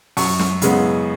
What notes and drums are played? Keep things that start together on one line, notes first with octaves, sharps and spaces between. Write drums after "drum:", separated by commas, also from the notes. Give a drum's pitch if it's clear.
F#2 C#6, drum: open hi-hat
drum: snare
C#3 G#3 B3, drum: hi-hat